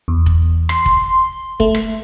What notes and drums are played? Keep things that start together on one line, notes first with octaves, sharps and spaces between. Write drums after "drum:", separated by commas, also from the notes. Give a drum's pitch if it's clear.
E2
drum: kick F1
C6, drum: rim click
drum: kick F1
A3, drum: kick F1
drum: rim click